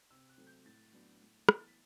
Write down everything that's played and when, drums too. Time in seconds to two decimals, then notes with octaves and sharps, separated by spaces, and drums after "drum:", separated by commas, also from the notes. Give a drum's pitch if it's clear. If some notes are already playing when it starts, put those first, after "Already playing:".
0.10 C3 E6
0.29 F#6
0.38 F#3 A3 C4
0.47 G6
0.65 A2 A6
0.93 F#3 B3 D4
1.21 A2
1.49 E3 B3, drum: rim click
1.59 A6
1.68 B6